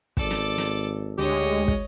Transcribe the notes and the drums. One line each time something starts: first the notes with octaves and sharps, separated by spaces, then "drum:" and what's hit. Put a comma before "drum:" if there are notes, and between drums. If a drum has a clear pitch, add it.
G#1 A4 D5, drum: kick
drum: snare
drum: snare
D2 G#3 G4 C#5 D#5
drum: kick